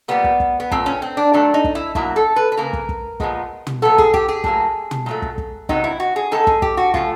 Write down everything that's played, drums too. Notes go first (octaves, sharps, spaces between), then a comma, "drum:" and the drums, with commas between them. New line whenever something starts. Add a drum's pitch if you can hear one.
A#2 G3 A#3 B3
drum: kick
drum: kick
B3
A#2 F3 A3 C4, drum: kick
C#4
C4
D4
D#3 F#3 A3 D4
D#4
drum: kick
E4
B2 F#3 A#3 E4, drum: kick
A4
B4
B4
C#3 F3 A#3 A#4
drum: kick
drum: kick
A#2 F3 G#3 B3, drum: kick
drum: tom
A#2 F#3 B3 A4
G#4, drum: kick
G4, drum: kick
G#4
A2 F#3 A#3, drum: kick
drum: tom
A#2 F#3 A3
drum: kick
drum: kick
C3 D#3 F#3 B3 D#4, drum: kick
E4
F#4
G#4
D#3 G#3 B3 A4
G#4, drum: kick
G4, drum: kick
F#4
C#3 F3 A3 F4, drum: kick